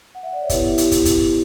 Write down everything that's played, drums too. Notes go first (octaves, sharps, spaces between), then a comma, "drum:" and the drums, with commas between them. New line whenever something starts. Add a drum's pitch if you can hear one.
F#5
E5
D5
C#5
B3 E4 G4 B4, drum: kick, hi-hat
drum: hi-hat
drum: kick, hi-hat
drum: kick, hi-hat